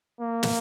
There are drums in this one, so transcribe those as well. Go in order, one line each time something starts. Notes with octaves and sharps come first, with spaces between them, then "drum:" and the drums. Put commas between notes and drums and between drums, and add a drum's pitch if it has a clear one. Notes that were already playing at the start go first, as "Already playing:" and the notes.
A#3
drum: snare